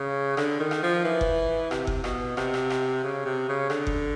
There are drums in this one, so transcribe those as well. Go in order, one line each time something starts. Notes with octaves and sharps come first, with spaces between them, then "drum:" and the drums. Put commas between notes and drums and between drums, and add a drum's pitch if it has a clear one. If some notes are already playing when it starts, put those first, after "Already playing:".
Already playing: C#3
D3, drum: rim click
D#3
drum: rim click
F3
E3
drum: kick F#1
C3, drum: rim click
drum: kick F#1
B2, drum: rim click
C3, drum: rim click
drum: rim click
drum: rim click
C#3
C3
C#3
D3, drum: rim click
drum: kick F#1